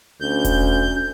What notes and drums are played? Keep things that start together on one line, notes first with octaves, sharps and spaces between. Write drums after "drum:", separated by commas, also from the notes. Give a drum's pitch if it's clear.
D2 C#4 G6
drum: kick E1, hi-hat